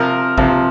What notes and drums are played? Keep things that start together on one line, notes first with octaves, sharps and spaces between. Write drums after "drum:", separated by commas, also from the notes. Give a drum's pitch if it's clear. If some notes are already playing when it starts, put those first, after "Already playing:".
Already playing: C3 F3 A#4
C3 F3, drum: kick